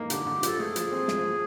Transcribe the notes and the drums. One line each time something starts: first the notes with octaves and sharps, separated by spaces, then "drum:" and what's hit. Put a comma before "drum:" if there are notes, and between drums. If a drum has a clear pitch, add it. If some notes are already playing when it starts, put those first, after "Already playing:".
Already playing: A#3 D#4
D3 G4, drum: hi-hat
D3
F3 A4, drum: hi-hat
A3 G#4
F3, drum: hi-hat
C4
F3, drum: snare
F3